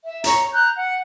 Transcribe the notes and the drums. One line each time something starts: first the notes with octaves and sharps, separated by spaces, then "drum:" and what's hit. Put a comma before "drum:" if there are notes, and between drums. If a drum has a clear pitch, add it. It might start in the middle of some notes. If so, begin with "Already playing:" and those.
E5
C#5 A#5, drum: hi-hat
A#5 F#6 G6
F#5